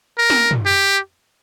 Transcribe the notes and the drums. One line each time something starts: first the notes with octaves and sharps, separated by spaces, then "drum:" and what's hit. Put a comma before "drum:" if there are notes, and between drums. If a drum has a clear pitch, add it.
A#4
drum: snare
drum: tom
G4